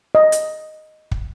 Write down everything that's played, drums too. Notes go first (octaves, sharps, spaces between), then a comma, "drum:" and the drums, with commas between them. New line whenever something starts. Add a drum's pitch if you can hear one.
D#5
drum: hi-hat
drum: kick